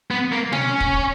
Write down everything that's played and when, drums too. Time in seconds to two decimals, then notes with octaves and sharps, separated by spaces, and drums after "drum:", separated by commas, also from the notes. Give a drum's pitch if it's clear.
0.11 B3
0.32 A#3
0.52 C#4, drum: tom B2
0.80 drum: kick